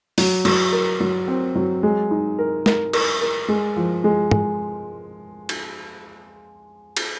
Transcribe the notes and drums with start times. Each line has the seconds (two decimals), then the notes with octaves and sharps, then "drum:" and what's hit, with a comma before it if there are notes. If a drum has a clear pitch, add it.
0.18 F#3, drum: open hi-hat
0.45 F#3, drum: cymbal
0.72 A#4
1.00 F#3
1.28 C4
1.56 F#3
1.83 G#3
2.11 D#4
2.38 A#4
2.66 A#4, drum: snare
2.93 A#4, drum: cymbal
3.21 A#4
3.48 G#3
3.76 F3
4.04 G#3
4.31 G#3, drum: tom
5.49 drum: cymbal
6.97 drum: cymbal